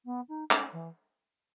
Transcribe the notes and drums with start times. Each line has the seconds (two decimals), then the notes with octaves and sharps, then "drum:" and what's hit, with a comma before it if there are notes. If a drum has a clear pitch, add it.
0.05 B3
0.29 D#4
0.51 C#4, drum: clap
0.73 E3